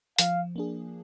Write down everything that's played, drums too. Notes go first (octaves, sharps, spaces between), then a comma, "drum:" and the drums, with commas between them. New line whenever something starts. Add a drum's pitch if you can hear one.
F3 F5, drum: hi-hat
A#3 D4 G#4